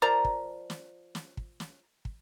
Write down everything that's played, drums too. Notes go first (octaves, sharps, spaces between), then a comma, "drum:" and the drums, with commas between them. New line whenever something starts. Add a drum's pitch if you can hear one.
F3 A#4 D5 A#5
drum: kick
drum: snare
drum: snare
drum: kick
drum: snare
drum: kick